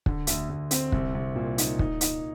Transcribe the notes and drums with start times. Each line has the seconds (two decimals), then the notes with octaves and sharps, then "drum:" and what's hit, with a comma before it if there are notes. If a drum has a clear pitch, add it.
0.06 D3, drum: kick
0.27 D2, drum: hi-hat
0.49 D2
0.71 C4, drum: hi-hat
0.92 C2, drum: kick
1.15 C2
1.36 A#2
1.58 D#4, drum: hi-hat
1.79 D#4, drum: kick
2.01 D#4, drum: hi-hat